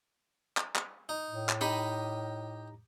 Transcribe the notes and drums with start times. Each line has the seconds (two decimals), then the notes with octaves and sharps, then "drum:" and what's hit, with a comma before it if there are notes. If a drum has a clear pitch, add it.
0.57 drum: clap
0.76 drum: clap
1.09 D#4
1.31 A2
1.49 drum: clap
1.61 D#4 G4 D#5 B5 D#6